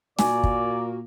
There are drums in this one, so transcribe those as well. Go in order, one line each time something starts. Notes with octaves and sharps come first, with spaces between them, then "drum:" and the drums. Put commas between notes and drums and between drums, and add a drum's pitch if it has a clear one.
A#2 A#3 F#4 D5 G#5, drum: snare
drum: kick